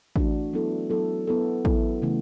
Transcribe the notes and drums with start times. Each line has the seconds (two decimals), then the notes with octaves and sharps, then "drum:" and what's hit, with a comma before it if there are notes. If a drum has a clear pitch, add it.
0.16 E3 A3 D4 F#4, drum: kick
0.53 F#3 B3 E4 A4
0.90 F#3 B3 E4 A4
1.27 F#3 B3 E4 A4
1.65 F#3 B3 E4 A4, drum: kick
2.02 C#3 E3 A3